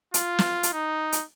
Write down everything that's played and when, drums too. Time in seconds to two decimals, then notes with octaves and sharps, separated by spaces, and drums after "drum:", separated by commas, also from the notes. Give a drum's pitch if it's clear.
0.14 F4, drum: hi-hat
0.39 drum: snare
0.63 drum: hi-hat
0.73 D#4
1.12 drum: hi-hat